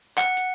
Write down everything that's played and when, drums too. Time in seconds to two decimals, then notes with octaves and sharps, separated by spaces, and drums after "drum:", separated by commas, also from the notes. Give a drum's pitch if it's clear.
0.17 F#5, drum: clap
0.37 drum: hi-hat